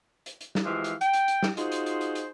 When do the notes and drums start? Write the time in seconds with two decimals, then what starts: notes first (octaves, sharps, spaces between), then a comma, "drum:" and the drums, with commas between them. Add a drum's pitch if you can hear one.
0.26 drum: hi-hat
0.41 drum: hi-hat
0.55 drum: snare
0.64 E3 F3 G#3 G4 E5 F5
0.84 drum: hi-hat
1.01 G5, drum: hi-hat
1.13 drum: hi-hat
1.28 drum: hi-hat
1.43 drum: snare
1.57 D#4 F4 F#4 G#4 C5, drum: hi-hat
1.72 drum: hi-hat
1.86 drum: hi-hat
2.01 drum: hi-hat
2.15 drum: hi-hat